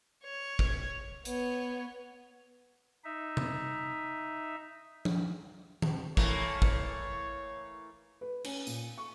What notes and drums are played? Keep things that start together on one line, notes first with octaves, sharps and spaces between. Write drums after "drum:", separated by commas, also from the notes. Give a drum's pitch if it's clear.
C#5
drum: kick
B3 C#5, drum: hi-hat
D#4 E5
drum: tom C3
drum: tom F3
drum: tom D#3
E3 A3 A#3 C#5, drum: kick
drum: kick
B4
C#4, drum: cymbal
A#2, drum: tambourine
C#6